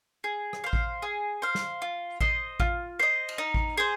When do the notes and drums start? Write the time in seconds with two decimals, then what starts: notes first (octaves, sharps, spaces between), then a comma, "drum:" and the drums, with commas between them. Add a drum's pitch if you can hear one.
0.24 G#4
0.53 drum: rim click
0.64 C5 F5
0.73 drum: kick A1
1.02 G#4
1.42 C5 F5
1.55 drum: snare
1.82 F4
2.21 C5 D#5, drum: kick A1
2.60 F4, drum: kick A1
2.99 C5 D#5
3.29 drum: cymbal
3.38 D#4
3.54 drum: kick A1
3.77 G#4 C5